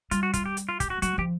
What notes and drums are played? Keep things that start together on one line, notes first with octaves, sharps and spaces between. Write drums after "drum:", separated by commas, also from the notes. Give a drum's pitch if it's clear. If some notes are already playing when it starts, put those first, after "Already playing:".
G3 F4, drum: hi-hat
F#4
F4, drum: kick, hi-hat
G4
drum: hi-hat
F4
G4, drum: kick, hi-hat
F#4
F#3 F#4, drum: hi-hat
F3 G4